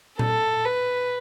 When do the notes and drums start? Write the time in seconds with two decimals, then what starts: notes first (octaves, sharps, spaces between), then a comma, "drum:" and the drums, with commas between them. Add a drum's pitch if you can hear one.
0.19 A4, drum: tom A#2
0.65 B4